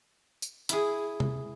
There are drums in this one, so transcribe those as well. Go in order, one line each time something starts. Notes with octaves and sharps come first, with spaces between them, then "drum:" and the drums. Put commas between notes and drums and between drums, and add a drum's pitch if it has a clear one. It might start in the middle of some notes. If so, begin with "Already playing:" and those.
drum: tambourine
E4 G#4, drum: hi-hat
drum: tom C3